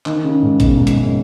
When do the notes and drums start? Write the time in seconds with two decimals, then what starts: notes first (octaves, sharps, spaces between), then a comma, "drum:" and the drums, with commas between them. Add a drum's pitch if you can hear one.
0.06 D#3, drum: clap
0.24 C#3
0.42 G#2
0.60 B2, drum: kick G#1, hi-hat
0.77 G#2
0.87 drum: hi-hat
0.96 F#2